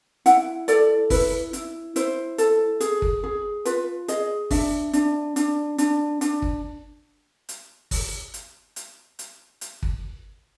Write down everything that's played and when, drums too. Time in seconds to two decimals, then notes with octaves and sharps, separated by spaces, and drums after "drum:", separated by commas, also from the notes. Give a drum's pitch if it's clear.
0.26 E4 F#5, drum: hi-hat
0.68 A4 D5, drum: hi-hat
1.10 E4 B4, drum: kick, open hi-hat
1.53 E4, drum: hi-hat
1.96 E4 C5, drum: hi-hat
2.38 A4, drum: hi-hat
2.80 G#4, drum: hi-hat
3.02 drum: kick
3.24 G#4
3.65 F4 B4, drum: hi-hat
4.08 G#4 D#5, drum: hi-hat
4.51 D4 E5, drum: kick, open hi-hat
4.93 D4, drum: hi-hat
5.36 D4, drum: hi-hat
5.78 D4, drum: hi-hat
6.21 D4, drum: hi-hat
6.42 drum: kick
7.49 drum: hi-hat
7.91 drum: kick, open hi-hat
8.34 drum: hi-hat
8.76 drum: hi-hat
9.19 drum: hi-hat
9.61 drum: hi-hat
9.83 drum: kick